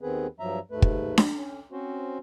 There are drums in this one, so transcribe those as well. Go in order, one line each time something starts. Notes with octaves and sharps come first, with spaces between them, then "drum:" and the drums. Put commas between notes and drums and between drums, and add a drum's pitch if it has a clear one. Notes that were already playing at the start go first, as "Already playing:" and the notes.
D#2 D#3 B3 C4 G#4 B4
G2 F3 F#3 E5 A#5
D#2 G#2 A3 B4
drum: kick
drum: snare D4
C#4
C4 C#4 F#4 C5